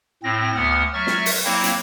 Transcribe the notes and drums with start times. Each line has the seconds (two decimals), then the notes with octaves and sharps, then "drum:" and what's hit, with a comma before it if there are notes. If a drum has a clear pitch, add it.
0.23 A2 C4 A#6
0.55 D2 B3 F#5 F6
0.94 F#3 E5 C#6 F6 A6
1.07 drum: snare
1.26 drum: open hi-hat
1.45 F#3 A#3 C4 E4
1.64 drum: hi-hat